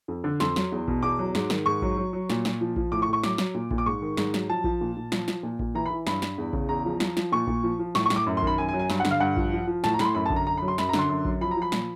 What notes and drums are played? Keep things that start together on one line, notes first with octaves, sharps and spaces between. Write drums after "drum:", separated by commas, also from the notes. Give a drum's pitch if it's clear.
F2
D3
F2 C6, drum: snare
F#3, drum: snare
E2
B2, drum: kick A#1
E2 D6
F#3
G#2, drum: snare
D#3, drum: snare
G#2 C#6
F#3, drum: kick A#1
F#3
F#3
A#2, drum: snare
A#2, drum: snare
F3
F3, drum: kick A#1
A2 D6
C#6
A2
C#6
F#3 D6, drum: snare
F#3, drum: snare
A#2
A#2, drum: kick A#1
D6
G#2 C#6
D#3
G#2, drum: snare
F#3, drum: snare
F3 A5
F3, drum: kick A#1
A#2
A#2
F3, drum: snare
F3, drum: snare
A#2
A#2, drum: kick A#1
E3 A#5
B5
E3
G2 B5, drum: snare
G2, drum: snare
E2
C#3, drum: kick A#1
E2 A#5
F3
F3, drum: snare
F3, drum: snare
A#2 C#6
A#2, drum: kick A#1
F3
F3
A2 C#6, drum: snare
C#6
A2, drum: snare
D6
F#2
C6
D#3 B5, drum: kick A#1
F#2 G#5
G#5
F#3
G#5
G2, drum: snare
F#5
D3, drum: snare
F5
G2 F#5
F3, drum: kick A#1
F3
F3
A2 A5, drum: snare
A#5
A2 B5, drum: snare
C6
F#2 B5
A5
D3, drum: kick A#1
A#5
F#2 A#5
B5
F#3
C6
F#2 B5, drum: snare
A#5
D3, drum: snare
C6
F#2
F#3, drum: kick A#1
F3 B5
A#5
F3
B5
A#2, drum: snare